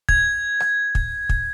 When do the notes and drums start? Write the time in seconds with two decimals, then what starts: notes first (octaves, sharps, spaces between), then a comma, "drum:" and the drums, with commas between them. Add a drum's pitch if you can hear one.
0.09 G#6, drum: kick
0.60 drum: rim click
0.95 drum: kick
1.29 drum: kick